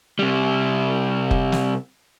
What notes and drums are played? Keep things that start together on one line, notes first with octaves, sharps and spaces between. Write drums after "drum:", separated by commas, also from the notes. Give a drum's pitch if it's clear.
C3 G3
drum: kick F1
drum: snare